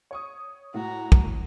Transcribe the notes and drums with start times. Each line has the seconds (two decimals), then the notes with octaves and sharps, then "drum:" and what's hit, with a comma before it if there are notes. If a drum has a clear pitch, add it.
0.11 C#5 C#6 D#6
0.74 A2 F#4 A#5
1.12 drum: kick